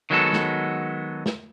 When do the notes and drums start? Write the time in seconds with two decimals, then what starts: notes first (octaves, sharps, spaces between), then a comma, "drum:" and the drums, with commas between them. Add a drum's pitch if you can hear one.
0.10 D#3 F#3 G#3 B3 F#4 A4
0.33 drum: snare
1.26 drum: snare